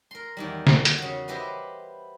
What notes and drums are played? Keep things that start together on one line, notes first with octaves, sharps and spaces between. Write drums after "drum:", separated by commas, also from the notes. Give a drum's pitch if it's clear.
A#4 C6
E2 D#3 G3
drum: snare
drum: hi-hat
C#3 F#4
E4 G4 B4 C5 D#5